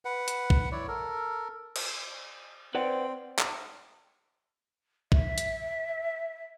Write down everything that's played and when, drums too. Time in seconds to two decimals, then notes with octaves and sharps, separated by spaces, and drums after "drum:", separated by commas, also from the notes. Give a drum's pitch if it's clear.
0.05 B4 F#5
0.28 drum: hi-hat
0.50 drum: kick A#1
0.72 E4 C#5 D5
0.88 A4 A#4
1.76 drum: cymbal
2.75 C4 B4 D5 F#5
3.39 drum: clap
5.12 E5, drum: kick A#1
5.38 drum: hi-hat